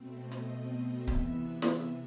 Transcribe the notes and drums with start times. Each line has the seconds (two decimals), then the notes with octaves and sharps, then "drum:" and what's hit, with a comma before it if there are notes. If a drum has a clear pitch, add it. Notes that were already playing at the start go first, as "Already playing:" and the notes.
Already playing: B2 A3 C4
0.16 D#5
0.32 drum: hi-hat
0.77 E5
1.07 C3 E3 B3 E5, drum: kick C#1
1.62 drum: snare